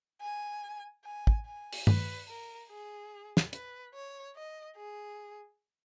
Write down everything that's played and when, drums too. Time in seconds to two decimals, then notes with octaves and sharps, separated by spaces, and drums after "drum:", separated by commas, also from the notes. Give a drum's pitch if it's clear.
0.21 G#5
1.04 G#5
1.27 drum: kick
1.46 G#5
1.73 drum: open hi-hat
1.87 B4, drum: tom G2
2.28 A#4
2.69 G#4
3.37 drum: snare
3.53 B4, drum: hi-hat
3.94 C#5
4.35 D#5
4.77 G#4